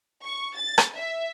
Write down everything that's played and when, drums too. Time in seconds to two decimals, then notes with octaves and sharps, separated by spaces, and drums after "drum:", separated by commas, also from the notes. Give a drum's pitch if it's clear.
0.24 C#6
0.56 A6
0.78 drum: rim click
0.97 E5